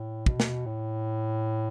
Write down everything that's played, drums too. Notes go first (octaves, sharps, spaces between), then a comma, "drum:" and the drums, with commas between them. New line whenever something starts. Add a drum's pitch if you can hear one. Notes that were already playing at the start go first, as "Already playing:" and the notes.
Already playing: A2
B2, drum: kick
drum: snare
A2